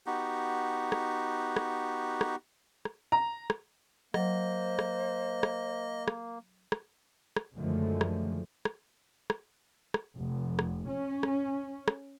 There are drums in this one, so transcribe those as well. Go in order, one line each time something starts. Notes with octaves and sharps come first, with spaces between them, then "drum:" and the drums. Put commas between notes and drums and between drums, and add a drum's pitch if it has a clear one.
B3 D#4 F#4 G4
drum: rim click
drum: rim click
drum: rim click
drum: rim click
A#5
drum: rim click
F#3 A#3 C5 D#5, drum: rim click
drum: rim click
drum: rim click
drum: rim click
drum: rim click
drum: rim click
F#2 D3 D#3 F3 G#3 A3
drum: rim click
drum: rim click
drum: rim click
drum: rim click
F1
drum: rim click
C#4
drum: rim click
drum: rim click